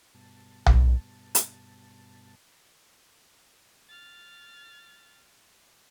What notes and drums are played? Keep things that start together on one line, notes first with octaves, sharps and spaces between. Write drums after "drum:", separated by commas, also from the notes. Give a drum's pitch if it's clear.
G2 B2 A5
drum: tom B1
drum: hi-hat
F6 A6